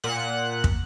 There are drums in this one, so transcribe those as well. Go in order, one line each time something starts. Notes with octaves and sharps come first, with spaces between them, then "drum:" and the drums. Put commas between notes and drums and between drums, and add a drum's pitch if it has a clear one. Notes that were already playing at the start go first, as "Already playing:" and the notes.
A#2 F#5 F#6
drum: kick